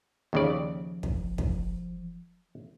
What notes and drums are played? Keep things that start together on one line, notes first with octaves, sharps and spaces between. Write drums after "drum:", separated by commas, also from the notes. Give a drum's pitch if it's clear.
D#2 C#3 F3 D5
drum: kick
drum: kick